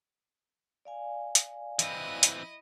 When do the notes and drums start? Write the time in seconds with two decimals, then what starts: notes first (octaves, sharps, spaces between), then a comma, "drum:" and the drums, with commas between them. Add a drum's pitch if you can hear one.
0.85 D5 F5 G#5
1.35 drum: hi-hat
1.79 E3 C4 E4 D#5, drum: hi-hat
2.23 drum: hi-hat